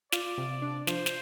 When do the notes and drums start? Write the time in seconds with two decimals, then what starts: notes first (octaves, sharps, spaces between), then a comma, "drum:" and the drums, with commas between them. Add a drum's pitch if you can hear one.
0.12 F4 D5, drum: snare
0.38 C3
0.62 D4
0.87 F3 C5, drum: snare
1.06 drum: snare